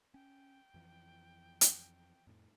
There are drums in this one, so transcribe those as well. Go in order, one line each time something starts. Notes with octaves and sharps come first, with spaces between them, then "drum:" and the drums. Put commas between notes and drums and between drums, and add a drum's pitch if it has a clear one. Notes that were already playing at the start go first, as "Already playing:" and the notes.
C#4 G5
F2 E3 F3
drum: hi-hat
F2 A2